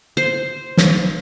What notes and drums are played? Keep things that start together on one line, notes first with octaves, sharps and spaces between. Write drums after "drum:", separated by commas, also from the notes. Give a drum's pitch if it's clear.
C5
drum: snare